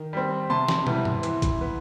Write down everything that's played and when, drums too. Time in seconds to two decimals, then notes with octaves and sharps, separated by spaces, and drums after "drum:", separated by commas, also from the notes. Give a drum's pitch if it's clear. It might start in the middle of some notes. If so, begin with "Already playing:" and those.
Already playing: D#3
0.13 G3 C4
0.50 C3 A5 C6
0.68 drum: snare
0.87 E3 G3 B3, drum: tom
1.05 drum: tom
1.23 E3, drum: hi-hat
1.42 drum: kick, hi-hat
1.61 B3